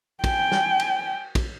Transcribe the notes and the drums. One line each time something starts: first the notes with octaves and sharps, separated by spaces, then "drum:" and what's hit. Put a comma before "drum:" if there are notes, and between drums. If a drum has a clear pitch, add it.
G5 G#5, drum: kick, cymbal
drum: snare
drum: cymbal
drum: kick, cymbal